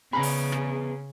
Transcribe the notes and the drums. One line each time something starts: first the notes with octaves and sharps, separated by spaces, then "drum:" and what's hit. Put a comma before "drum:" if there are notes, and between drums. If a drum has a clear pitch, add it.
C#3 B3 G#4 A#5 B5
drum: open hi-hat
drum: rim click